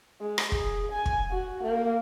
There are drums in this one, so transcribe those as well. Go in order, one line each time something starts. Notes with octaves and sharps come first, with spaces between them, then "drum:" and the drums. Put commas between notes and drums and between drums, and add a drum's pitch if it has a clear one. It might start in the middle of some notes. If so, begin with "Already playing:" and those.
G#3
drum: rim click
G#4, drum: kick
G#5
drum: kick
F#4
A#3